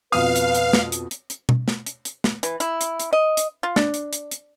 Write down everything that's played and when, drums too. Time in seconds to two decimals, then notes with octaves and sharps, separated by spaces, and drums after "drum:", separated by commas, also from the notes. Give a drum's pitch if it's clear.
0.12 F2 B2 B4 F5 D#6
0.36 drum: hi-hat
0.55 drum: hi-hat
0.73 drum: snare
0.92 drum: hi-hat
1.11 drum: hi-hat
1.30 drum: hi-hat
1.49 drum: tom B2
1.68 drum: snare
1.86 drum: hi-hat
2.05 drum: hi-hat
2.24 drum: snare
2.43 E3, drum: hi-hat
2.60 E4, drum: hi-hat
2.81 drum: hi-hat
3.00 drum: hi-hat
3.13 D#5
3.37 drum: hi-hat
3.63 F4
3.76 D4, drum: snare
3.94 drum: hi-hat
4.13 drum: hi-hat
4.31 drum: hi-hat